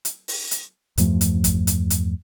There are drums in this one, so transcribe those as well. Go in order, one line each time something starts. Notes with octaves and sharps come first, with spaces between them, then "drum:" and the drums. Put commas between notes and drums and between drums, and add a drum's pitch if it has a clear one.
drum: hi-hat
drum: open hi-hat
drum: hi-hat
E2 G2 F3 A3, drum: hi-hat
drum: hi-hat
drum: kick, hi-hat
drum: hi-hat
drum: hi-hat